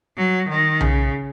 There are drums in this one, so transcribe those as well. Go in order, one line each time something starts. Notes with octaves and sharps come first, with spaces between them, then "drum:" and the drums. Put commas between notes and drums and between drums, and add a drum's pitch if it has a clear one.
F#3
D#3
C#3, drum: tom B1